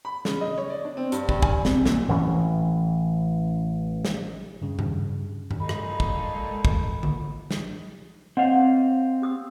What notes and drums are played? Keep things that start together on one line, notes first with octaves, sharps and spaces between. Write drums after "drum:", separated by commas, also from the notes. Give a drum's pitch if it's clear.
B5
C#3, drum: snare
D#5
C#5
D5
D4
C4
G2, drum: hi-hat
G2, drum: kick
G#5, drum: kick
C3, drum: snare
A#2, drum: snare
A1 E3 C#4
drum: snare
G2 C#3
drum: tom G2
drum: tom G2
A#2 G#3 D#4 A4 B5
drum: rim click
drum: kick
drum: kick
drum: tom D3
drum: snare
C4 C#5 D#5 F5 F#5
G4 D#6 E6